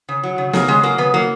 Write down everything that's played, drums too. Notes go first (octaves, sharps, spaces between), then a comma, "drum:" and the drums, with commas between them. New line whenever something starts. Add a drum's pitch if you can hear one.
C#3
F#3
C#3
C#3 A#3, drum: snare
C#3 G#3
F#3 A#3
C#3 B3
F#3 A#3